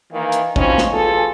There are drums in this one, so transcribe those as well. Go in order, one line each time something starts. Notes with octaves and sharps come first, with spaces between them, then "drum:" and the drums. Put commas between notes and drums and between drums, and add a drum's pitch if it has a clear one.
D#3 E3 A#3
drum: hi-hat
B2 E3 C4 C#4 D#4 F4, drum: kick A1
drum: snare
D2 A#2 E3 F4 G#4 A4